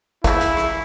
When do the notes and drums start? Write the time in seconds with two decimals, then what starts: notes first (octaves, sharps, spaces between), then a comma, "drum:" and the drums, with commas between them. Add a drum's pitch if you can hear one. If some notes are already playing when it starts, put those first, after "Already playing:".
0.24 C#3 E3 E4, drum: kick G#1, hi-hat
0.41 drum: hi-hat
0.57 drum: rim click